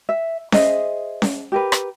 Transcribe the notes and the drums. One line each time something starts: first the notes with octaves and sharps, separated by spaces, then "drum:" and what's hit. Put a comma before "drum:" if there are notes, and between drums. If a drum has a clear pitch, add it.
E5
G#4 C5 D#5 E5, drum: snare C#4
drum: snare C#4
G4 A#4 B4
drum: rim click